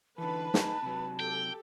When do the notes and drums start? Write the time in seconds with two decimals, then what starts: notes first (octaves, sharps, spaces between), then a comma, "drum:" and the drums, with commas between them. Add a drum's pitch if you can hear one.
0.18 D3 E3 B4 A5
0.54 D#4 G#4, drum: snare
0.83 C3 F#3
1.20 G4 A4 G5